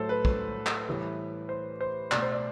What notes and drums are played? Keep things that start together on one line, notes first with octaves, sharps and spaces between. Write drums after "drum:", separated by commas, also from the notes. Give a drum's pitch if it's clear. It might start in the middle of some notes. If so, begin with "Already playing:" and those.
Already playing: A2 F#3 A3 A4 C5
B4
drum: kick
drum: clap
A2 E3 G3
C5
C5
B2 A3 D5, drum: clap
C5
D5